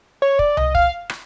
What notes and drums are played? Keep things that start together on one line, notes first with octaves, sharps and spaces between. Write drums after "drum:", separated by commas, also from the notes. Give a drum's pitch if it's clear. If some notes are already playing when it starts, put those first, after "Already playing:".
C#5
D5, drum: kick
D#5, drum: tom C2
F5, drum: kick
drum: rim click